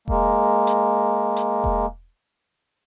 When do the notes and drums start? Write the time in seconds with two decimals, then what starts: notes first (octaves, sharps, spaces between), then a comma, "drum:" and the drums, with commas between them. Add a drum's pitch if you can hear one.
0.08 G#3 A#3, drum: kick E1
0.67 drum: hi-hat
1.36 drum: hi-hat
1.64 drum: kick E1